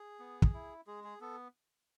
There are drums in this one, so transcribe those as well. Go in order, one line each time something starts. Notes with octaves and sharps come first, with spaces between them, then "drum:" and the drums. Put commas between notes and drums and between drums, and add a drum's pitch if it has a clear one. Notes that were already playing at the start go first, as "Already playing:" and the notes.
Already playing: G#4
B3
drum: kick
E4
G#3 G#4
G#4
B3 A4